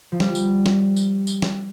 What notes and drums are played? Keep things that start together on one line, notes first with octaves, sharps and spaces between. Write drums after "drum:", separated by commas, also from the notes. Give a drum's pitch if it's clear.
F3
G3, drum: snare
drum: tambourine
drum: snare
drum: tambourine
drum: tambourine
drum: snare